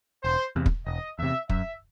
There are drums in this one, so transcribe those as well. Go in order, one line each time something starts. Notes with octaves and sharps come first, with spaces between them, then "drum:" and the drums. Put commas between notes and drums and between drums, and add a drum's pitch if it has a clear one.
E1 C5
E2 C3
drum: kick
E1 D#5
E2 C3 E5
F#2 E5, drum: kick